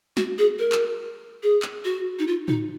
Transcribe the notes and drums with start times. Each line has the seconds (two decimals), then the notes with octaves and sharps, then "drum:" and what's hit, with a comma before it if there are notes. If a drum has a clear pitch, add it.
0.17 F#4, drum: snare
0.38 G#4
0.59 A#4
0.72 drum: clap
1.43 G#4
1.62 drum: clap
1.85 F#4
2.19 D#4
2.27 F4
2.48 D#4, drum: tom A2